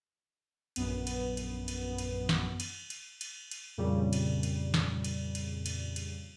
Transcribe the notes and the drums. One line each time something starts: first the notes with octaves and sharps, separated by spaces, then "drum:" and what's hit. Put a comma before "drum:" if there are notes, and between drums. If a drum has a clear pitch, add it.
A#1 F#2 B3, drum: cymbal
drum: cymbal
drum: cymbal
drum: cymbal
drum: cymbal
drum: snare
drum: cymbal
drum: cymbal
drum: cymbal
drum: cymbal
F2 A#2 C#3 G3
drum: cymbal
drum: cymbal
drum: snare
drum: cymbal
drum: cymbal
drum: cymbal
drum: cymbal